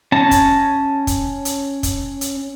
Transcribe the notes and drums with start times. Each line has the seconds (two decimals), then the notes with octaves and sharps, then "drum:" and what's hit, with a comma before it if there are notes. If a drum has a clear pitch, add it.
0.12 C#4 A5 A#5
0.31 drum: kick, hi-hat
1.07 drum: kick, hi-hat
1.45 drum: hi-hat
1.83 drum: kick, hi-hat
2.21 drum: hi-hat